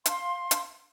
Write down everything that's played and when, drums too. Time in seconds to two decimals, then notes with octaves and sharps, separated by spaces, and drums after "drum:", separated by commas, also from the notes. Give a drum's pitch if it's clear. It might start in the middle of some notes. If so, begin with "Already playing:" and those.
0.06 F5 C6, drum: hi-hat
0.51 drum: hi-hat